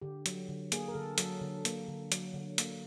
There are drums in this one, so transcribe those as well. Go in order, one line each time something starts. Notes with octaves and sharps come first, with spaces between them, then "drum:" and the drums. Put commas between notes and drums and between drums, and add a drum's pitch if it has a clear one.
D3 G4
F#3, drum: hi-hat
D3
A#3 G#4, drum: hi-hat
A#4
D3 A4
F#3 A4, drum: hi-hat
D3
A#3, drum: hi-hat
D3
F#3, drum: hi-hat
D3
A#3, drum: hi-hat